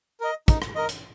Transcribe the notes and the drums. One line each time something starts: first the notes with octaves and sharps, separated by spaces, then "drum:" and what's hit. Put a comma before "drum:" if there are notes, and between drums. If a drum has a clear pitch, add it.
A#4 D#5
D#4, drum: kick, hi-hat
drum: rim click
A#4 D#5
drum: hi-hat